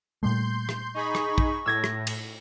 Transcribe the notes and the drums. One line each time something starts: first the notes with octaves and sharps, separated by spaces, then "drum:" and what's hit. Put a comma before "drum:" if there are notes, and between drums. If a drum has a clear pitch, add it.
A#2 G3 A3 C6 G6
drum: rim click
D#4 G#4 B5 C#6
drum: rim click
drum: kick
A2 E6 G#6 A#6
drum: rim click
drum: cymbal